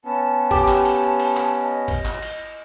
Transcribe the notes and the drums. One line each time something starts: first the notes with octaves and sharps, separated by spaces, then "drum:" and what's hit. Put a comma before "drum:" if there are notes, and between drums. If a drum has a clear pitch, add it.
B3 C#4 A5
G4, drum: kick, cymbal
drum: clap
drum: cymbal
drum: cymbal
drum: clap
D#5
drum: kick, cymbal
drum: clap
drum: cymbal